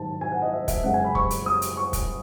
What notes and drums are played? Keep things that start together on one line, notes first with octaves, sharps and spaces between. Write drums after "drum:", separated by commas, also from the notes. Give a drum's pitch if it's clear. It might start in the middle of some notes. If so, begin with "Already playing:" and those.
Already playing: G#2 D#3 F#3 A5
G#5
F#5
D#5
E5
E5, drum: kick, hi-hat
F#2 C#3 G#3 F#5
G#5
B5
C#6, drum: kick
drum: hi-hat
D#6
drum: hi-hat
C#6
drum: kick, hi-hat